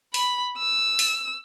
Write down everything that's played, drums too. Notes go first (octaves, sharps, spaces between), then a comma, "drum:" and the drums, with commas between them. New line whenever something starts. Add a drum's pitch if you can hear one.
B5, drum: open hi-hat
E6
drum: open hi-hat